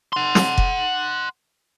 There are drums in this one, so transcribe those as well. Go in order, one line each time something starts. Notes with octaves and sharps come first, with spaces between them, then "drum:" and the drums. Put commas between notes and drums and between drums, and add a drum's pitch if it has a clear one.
F#5 C6
drum: snare
drum: kick F1